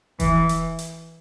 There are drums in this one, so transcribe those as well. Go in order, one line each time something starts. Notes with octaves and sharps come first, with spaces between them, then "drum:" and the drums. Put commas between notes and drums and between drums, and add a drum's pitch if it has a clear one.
E3, drum: kick E1, hi-hat
drum: hi-hat
drum: hi-hat